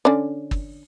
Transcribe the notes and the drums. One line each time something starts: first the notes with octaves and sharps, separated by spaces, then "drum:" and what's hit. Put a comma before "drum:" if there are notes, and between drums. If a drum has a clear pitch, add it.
D3 C#4 D5
drum: kick G1